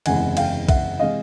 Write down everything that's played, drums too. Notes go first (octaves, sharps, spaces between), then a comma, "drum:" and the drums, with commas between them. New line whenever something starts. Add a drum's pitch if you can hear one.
F#1 E2 C3 E3 G#3 F#5 G#5, drum: cymbal
F5 G5, drum: cymbal
E5 F#5, drum: kick, cymbal
C3 E3 G#3 D#5 F5